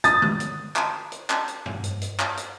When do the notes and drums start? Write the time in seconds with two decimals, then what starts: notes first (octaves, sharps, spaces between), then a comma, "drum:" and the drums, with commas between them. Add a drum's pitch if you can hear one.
0.04 D#6 A6, drum: hi-hat
0.22 drum: tom D3
0.40 drum: hi-hat
0.76 drum: clap
1.12 drum: hi-hat
1.30 drum: clap
1.48 drum: hi-hat
1.66 drum: tom F#2
1.84 drum: hi-hat
2.02 drum: hi-hat
2.20 drum: clap
2.37 drum: hi-hat